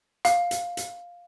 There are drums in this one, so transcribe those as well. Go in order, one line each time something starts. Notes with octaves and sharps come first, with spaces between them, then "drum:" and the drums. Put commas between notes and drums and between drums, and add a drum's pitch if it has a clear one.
F5, drum: hi-hat
drum: hi-hat
drum: hi-hat